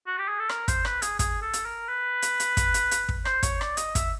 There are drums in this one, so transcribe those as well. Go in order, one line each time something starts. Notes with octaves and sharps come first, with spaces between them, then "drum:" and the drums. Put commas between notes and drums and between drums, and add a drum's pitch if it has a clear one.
F#4
G4
G#4
A4
A#4, drum: rim click
C5, drum: kick, hi-hat
B4, drum: rim click
G#4, drum: hi-hat
G#4, drum: kick, hi-hat
A4
drum: hi-hat
A#4
B4
drum: hi-hat
drum: hi-hat
drum: kick, hi-hat
drum: hi-hat
drum: hi-hat
drum: kick
C5, drum: rim click
C#5, drum: kick, hi-hat
D5, drum: rim click
D#5, drum: hi-hat
E5, drum: kick, hi-hat